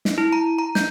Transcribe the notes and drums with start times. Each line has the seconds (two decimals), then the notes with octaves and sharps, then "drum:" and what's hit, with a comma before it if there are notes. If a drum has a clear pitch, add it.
0.05 drum: snare
0.18 E4
0.33 A#5
0.59 A#5
0.75 G6, drum: snare